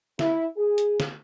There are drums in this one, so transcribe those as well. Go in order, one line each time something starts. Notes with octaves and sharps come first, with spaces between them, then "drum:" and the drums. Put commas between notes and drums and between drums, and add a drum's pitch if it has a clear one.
E4, drum: snare
G#4
drum: hi-hat
drum: snare